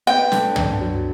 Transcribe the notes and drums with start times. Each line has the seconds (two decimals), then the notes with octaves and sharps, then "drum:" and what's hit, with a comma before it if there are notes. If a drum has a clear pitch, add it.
0.07 B3 G5
0.32 D3, drum: snare
0.56 D3, drum: tom
0.81 F#3